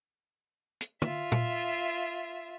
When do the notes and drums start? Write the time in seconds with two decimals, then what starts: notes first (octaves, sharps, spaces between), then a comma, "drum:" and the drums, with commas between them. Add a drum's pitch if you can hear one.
0.81 drum: hi-hat
1.02 F4 E5, drum: tom
1.32 drum: tom A#2